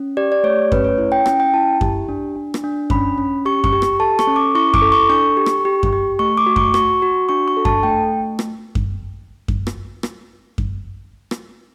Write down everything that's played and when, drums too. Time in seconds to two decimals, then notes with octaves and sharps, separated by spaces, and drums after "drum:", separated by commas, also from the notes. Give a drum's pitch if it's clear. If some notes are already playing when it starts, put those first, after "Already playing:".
Already playing: C#4
0.17 G4 D5
0.32 D5
0.44 A3 C#5
0.72 C#4 B4, drum: kick F#2
0.84 C#5
0.98 E4
1.12 G5
1.26 C#4 G5, drum: rim click
1.40 G5
1.54 E4 A5
1.81 G4, drum: kick F#2
2.09 D4
2.36 D4
2.54 drum: rim click
2.64 D4
2.90 C#4 B5, drum: kick F#2
3.18 C#4
3.45 G4 C#6
3.64 C#6, drum: kick F#2
3.73 G4
3.82 drum: rim click
4.00 A4 A5
4.19 C#6, drum: rim click
4.27 C#4
4.36 D6
4.55 E4 C#6
4.74 D6, drum: kick F#2
4.82 A4
4.92 C#6
5.10 D4 C#6
5.37 G4
5.46 drum: rim click
5.65 G4
5.83 drum: kick F#2
5.93 G4
6.19 A3 C#6
6.37 D6
6.46 F#4
6.56 C#6, drum: kick F#2
6.74 F#4 C#6, drum: rim click
7.02 F#4
7.29 D4 C#6
7.48 C#6
7.57 A4
7.65 A5, drum: kick F#2
7.83 A3 G5
8.39 drum: rim click
8.75 drum: kick F#2
9.48 drum: kick F#2
9.67 drum: rim click
10.03 drum: rim click
10.58 drum: kick F#2
11.31 drum: rim click